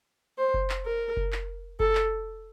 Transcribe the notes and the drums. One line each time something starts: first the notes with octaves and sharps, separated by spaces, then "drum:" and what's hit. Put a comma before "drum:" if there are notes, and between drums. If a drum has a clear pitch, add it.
C5
drum: kick F#1
drum: clap
A#4
drum: kick F#1
drum: clap
A4, drum: kick F#1
drum: clap